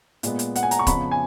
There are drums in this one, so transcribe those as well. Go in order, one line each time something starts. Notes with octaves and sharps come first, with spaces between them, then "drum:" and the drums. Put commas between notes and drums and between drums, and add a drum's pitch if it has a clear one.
A#2 G#3 B3, drum: hi-hat
drum: hi-hat
F#5, drum: hi-hat
G#5
A#5, drum: hi-hat
C#6
F2 C#3 F3 B3 B5, drum: kick, hi-hat
G#5